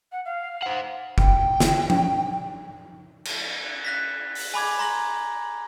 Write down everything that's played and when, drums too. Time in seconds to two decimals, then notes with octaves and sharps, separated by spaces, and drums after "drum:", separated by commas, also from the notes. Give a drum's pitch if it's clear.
0.12 F#5
0.25 F5
0.62 C5 F#5
1.18 G5, drum: kick
1.60 drum: snare
1.90 drum: tom F3
3.25 drum: cymbal
3.85 F#6 A#6 B6
4.35 drum: open hi-hat
4.54 G#5 B5 D6 G#6
4.79 A#5 C6 A#6 F#7